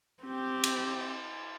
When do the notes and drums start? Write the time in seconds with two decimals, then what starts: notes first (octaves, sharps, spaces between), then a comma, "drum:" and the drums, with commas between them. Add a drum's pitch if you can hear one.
0.23 C4 G4
0.64 drum: cymbal